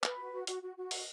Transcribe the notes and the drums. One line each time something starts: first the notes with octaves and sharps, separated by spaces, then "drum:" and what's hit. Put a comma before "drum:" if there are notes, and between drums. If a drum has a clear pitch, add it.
B4, drum: clap
F#4
F#4
F#4, drum: hi-hat
F#4
F#4
D#5, drum: open hi-hat